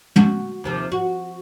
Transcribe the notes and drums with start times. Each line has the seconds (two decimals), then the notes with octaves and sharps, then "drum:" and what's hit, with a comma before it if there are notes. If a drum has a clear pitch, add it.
0.16 F#4, drum: tom
0.64 D#2 C3 F3
0.92 F#4